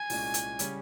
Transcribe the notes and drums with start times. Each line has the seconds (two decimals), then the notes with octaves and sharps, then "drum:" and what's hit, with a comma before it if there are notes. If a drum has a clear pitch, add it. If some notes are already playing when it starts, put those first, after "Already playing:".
Already playing: G#5
0.10 C2 A#2 G#3 C#4, drum: open hi-hat
0.34 drum: hi-hat
0.59 C#3 G3 C#4, drum: hi-hat